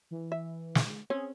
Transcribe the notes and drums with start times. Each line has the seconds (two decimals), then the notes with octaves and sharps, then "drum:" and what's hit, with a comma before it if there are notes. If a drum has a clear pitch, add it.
0.11 E3
0.32 E5
0.75 drum: snare
1.10 C4 C#4 G#4 C#5